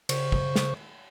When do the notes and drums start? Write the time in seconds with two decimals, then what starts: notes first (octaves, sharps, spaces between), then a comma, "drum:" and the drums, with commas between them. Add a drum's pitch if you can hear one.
0.09 C#3 C5 C#6, drum: cymbal
0.32 drum: kick
0.56 drum: snare